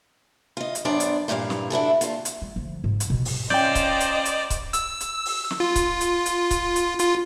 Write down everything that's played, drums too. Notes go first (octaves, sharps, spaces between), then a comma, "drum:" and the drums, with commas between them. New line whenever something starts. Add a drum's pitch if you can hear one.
F4 D#5
drum: hi-hat
F#2 B3 D4 C5 D5
drum: hi-hat
G2 A#2 E3 F4 F5
drum: snare
D4 E4 F#4 A4
A#2 F4, drum: hi-hat
drum: hi-hat
G#3
D2 F3
G#2
drum: hi-hat
B2 A#3
drum: open hi-hat
C#4 F4 C5 D5 D#5 G5 A#5 G6, drum: snare
drum: kick C#1, hi-hat
drum: hi-hat
drum: hi-hat
drum: kick C#1, hi-hat
E6, drum: hi-hat
drum: hi-hat
drum: open hi-hat
drum: snare
F4
drum: kick C#1, hi-hat
drum: hi-hat
drum: hi-hat
drum: kick C#1, hi-hat
drum: hi-hat
F4, drum: hi-hat